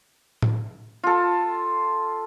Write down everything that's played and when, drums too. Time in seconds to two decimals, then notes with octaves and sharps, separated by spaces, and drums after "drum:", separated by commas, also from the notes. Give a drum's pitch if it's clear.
0.42 drum: tom A2
1.03 F4 A4